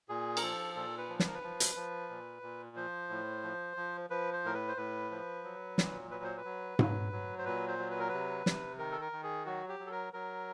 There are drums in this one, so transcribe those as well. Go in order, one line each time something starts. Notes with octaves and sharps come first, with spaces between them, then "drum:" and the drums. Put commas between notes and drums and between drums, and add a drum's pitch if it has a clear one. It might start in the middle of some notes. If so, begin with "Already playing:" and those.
A#2 G#4
A#4, drum: cymbal
F3 A4
A#2 A4
B4
F3
B4, drum: snare
A#4
B4
F3
drum: hi-hat
F3
A#2
A#2
F3 C5
A2
F3
F3
F3 B4
C5
A2 A#4
B4
C5
A2 B4
F3
F#3
A#2, drum: snare
F#3 B4
C5
B4
F#3
F#3, drum: tom G#2
F#3
C5
A#2 B4
C5
F#3
B4
A#4
C3 B4
C3, drum: snare
D#3 A#4
A4
A#4
D#3
G#4
F#3 F#4
G4
F#3
A4
A#4
F#3 A#4